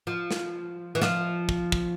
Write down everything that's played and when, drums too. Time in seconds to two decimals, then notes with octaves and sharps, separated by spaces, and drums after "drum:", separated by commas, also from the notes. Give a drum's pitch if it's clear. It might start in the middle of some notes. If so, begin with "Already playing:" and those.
0.07 F3
0.31 drum: snare
0.95 E3
1.02 F3, drum: snare
1.49 drum: kick
1.72 drum: kick